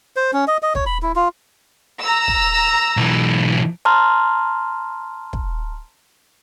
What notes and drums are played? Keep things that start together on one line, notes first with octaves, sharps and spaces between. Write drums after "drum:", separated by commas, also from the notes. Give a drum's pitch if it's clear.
C5
C#4
D#5
D#5
C#5, drum: kick
B5
E4
F4
A#5 E6
drum: kick
B1 E3
A5 A#5 C6 F6
drum: kick